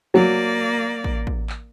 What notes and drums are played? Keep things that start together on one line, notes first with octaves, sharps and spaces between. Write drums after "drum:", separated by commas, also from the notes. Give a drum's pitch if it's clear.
F#3 A#3 D5
drum: kick
drum: kick
drum: clap